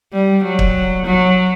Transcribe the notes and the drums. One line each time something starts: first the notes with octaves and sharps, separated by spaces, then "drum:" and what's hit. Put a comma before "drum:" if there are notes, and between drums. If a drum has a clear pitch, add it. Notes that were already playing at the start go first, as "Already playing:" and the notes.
G3
F#3
drum: kick
F#3